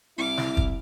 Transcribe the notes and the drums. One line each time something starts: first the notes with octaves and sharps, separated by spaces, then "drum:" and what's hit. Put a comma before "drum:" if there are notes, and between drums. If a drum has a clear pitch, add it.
C2 E4 D6 F6
drum: snare
drum: kick